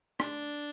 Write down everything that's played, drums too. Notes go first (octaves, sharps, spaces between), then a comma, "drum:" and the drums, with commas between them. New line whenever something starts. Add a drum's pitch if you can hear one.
D4, drum: rim click